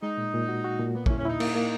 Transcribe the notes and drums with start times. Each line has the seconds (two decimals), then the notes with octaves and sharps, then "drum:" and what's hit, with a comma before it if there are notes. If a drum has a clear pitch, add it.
0.02 G#3 D#4
0.18 A#2
0.34 A#2
0.48 F#4
0.64 F#4
0.80 A#2
0.95 A#3 B3
1.06 C#4, drum: kick
1.10 E4
1.18 C#4
1.25 D#4 E4
1.40 A#3, drum: cymbal
1.55 A#3